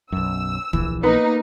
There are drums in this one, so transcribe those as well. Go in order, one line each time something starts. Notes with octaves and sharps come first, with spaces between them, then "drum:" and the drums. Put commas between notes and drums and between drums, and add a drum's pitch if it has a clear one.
B1 F#2 E6
A#1 E3, drum: kick
A#3 B3 D#4